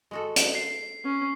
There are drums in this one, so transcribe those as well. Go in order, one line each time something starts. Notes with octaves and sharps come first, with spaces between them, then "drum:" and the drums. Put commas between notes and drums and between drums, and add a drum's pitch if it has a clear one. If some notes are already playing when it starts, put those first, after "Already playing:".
G#3 F#4 A4
drum: hi-hat
C7
C#4